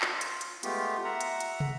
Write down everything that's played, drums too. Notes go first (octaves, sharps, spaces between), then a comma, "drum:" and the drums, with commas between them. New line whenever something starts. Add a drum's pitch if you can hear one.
F4, drum: clap
drum: hi-hat
drum: hi-hat
G#3 A3 B3 F4 G4, drum: hi-hat
E5 F#5 A#5
drum: hi-hat
drum: hi-hat
drum: tom